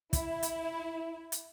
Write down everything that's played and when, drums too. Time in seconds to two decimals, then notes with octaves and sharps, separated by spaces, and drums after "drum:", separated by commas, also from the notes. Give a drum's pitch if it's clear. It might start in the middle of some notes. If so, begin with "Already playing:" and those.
0.13 E4, drum: kick, hi-hat
0.43 drum: hi-hat
1.32 drum: hi-hat